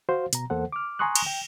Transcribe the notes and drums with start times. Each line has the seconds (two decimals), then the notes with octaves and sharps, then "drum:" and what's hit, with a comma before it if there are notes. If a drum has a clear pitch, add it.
0.09 F#4 C5 F5
0.33 B2 A#5, drum: hi-hat
0.50 E2 A#3 A4 C5 F#5
0.72 D6 F6
0.99 G#5 A#5 C6 C#6 D#6 F#6
1.16 drum: cymbal
1.26 G5